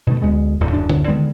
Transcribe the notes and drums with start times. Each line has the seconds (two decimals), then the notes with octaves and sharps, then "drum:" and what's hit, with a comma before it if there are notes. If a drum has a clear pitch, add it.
0.07 B2 D#3 A3
0.21 D2 G#3 B3
0.60 D1 D2 A2 C3
0.73 D1 F#2 D4
0.89 drum: tom D3
1.08 D3 D#3 G#3 B3